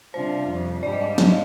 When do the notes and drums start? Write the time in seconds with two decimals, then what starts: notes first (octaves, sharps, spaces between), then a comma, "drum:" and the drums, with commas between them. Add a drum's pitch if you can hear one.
0.14 C3 G3 D4 F4 C5
0.48 F2 C3 G3
0.83 G#2 G3 D4 G4 D5
0.92 D#5
1.01 F5
1.18 F5, drum: snare
1.29 D#5